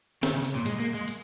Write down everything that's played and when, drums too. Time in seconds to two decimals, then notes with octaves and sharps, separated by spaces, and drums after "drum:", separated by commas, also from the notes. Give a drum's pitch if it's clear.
0.23 D#3, drum: snare
0.34 C#3
0.45 drum: hi-hat
0.55 A#2
0.66 G#3, drum: hi-hat
0.80 A#3
0.94 G#3
1.08 drum: hi-hat